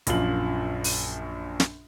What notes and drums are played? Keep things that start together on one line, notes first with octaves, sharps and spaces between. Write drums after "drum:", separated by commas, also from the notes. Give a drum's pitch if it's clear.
A#1 F#2 F4 F#7, drum: hi-hat
drum: open hi-hat
drum: snare